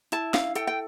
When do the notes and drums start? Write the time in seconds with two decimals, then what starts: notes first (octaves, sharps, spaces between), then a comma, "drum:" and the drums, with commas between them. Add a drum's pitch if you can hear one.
0.12 E4 A5, drum: hi-hat
0.34 F5, drum: snare
0.55 A4 G5, drum: hi-hat
0.67 G5